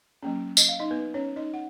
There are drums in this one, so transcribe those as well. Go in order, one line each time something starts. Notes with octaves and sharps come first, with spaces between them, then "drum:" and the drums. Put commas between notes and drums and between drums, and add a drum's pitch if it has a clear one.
F#3 A#3 C#4
D#5, drum: tambourine
F5
D#4 D#5
B3 B4
C#4 C#5
D#4 D#5
F#5